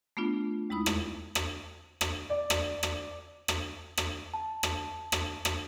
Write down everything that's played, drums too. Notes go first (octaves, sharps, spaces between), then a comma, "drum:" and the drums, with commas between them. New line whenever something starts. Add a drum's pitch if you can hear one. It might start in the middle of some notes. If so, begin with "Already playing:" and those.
A3 B3 D4 F4
D#2 G#3 D#4 E4 B5 D#6
drum: rim click
drum: rim click
drum: rim click
D5
drum: rim click
drum: rim click
drum: rim click
drum: rim click
A5
drum: rim click
drum: rim click
drum: rim click